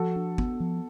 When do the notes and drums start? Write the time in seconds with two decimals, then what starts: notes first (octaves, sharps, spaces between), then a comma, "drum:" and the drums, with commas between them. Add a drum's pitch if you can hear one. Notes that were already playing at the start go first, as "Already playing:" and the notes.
Already playing: F3 F#4 A4
0.16 D4
0.38 B3, drum: kick G1
0.60 F3